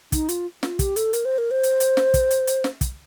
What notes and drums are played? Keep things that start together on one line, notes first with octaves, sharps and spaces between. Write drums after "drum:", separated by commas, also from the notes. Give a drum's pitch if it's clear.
D#4, drum: kick, hi-hat
F4, drum: hi-hat
F4, drum: snare
G4, drum: kick, hi-hat
A4, drum: hi-hat
A#4, drum: hi-hat
C5
A#4
C5
drum: hi-hat
drum: hi-hat
drum: snare
drum: kick, hi-hat
drum: hi-hat
drum: hi-hat
drum: snare
drum: kick, hi-hat